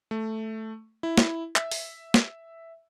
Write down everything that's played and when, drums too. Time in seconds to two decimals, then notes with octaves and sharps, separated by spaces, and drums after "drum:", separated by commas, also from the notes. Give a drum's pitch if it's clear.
0.11 A3
1.03 E4
1.17 drum: snare
1.56 E5, drum: clap
1.72 drum: open hi-hat
2.14 drum: snare